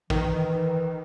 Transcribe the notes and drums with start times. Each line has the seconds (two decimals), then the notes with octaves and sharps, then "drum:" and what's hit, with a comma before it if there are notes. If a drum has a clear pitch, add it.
0.10 D#3 E3, drum: kick